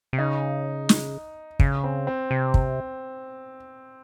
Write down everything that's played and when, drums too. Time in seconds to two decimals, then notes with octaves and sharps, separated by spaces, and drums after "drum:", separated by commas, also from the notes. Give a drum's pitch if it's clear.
0.13 C3
0.18 C#3 D#4
0.89 drum: snare
1.60 C#3, drum: kick
1.84 C4
2.07 C4
2.31 C3
2.54 drum: kick